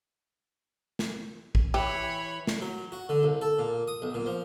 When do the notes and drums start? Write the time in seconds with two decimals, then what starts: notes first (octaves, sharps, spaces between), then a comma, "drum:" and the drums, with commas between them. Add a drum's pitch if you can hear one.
0.99 drum: snare
1.55 drum: kick
1.74 E3 G4 C#5 B5
2.47 drum: snare
2.61 F#3
2.92 F#4
3.09 D3
3.23 C2
3.41 A4
3.59 A#2
3.88 D#6
4.02 B1
4.14 A#2
4.26 F3